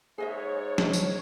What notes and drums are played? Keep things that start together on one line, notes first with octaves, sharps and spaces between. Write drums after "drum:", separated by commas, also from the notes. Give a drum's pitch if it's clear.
G#2 G#4 C#5 D#5 E5
drum: snare
drum: tambourine